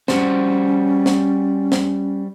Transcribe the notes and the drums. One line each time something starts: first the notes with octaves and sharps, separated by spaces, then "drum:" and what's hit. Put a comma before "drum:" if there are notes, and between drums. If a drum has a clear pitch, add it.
G3 C#4 F#4 C5, drum: snare
drum: snare
drum: snare